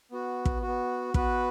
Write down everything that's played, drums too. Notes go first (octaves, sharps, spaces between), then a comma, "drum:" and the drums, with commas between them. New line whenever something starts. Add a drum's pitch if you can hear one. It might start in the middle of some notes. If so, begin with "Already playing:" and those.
B3 F#4
drum: kick
B3 F#4
B3 F#4 B4, drum: kick